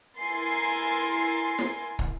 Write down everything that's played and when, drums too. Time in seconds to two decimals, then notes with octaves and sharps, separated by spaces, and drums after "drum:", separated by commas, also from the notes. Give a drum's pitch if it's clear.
0.18 E4 A#4 G#5 C6 A6 C7
1.59 drum: snare
1.99 drum: kick